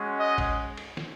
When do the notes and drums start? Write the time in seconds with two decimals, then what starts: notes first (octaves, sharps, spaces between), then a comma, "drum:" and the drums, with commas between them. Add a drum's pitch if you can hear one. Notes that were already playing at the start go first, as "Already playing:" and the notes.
Already playing: G#3 C#4 F#4
0.19 D#5
0.38 drum: kick, cymbal
0.77 drum: cymbal
0.97 drum: snare